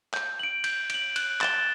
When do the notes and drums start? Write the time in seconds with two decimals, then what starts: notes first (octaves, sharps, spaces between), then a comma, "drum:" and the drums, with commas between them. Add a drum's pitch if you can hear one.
0.14 G6, drum: clap
0.39 D7 F#7
0.64 G6, drum: cymbal
0.90 D7 F#7, drum: cymbal
1.16 F#6, drum: cymbal
1.41 A6 E7 G7, drum: clap